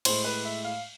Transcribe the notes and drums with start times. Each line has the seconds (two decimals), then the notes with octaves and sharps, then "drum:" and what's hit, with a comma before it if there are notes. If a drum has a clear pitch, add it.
0.05 A2 G#3 C5, drum: cymbal
0.24 B4
0.45 E5
0.64 F5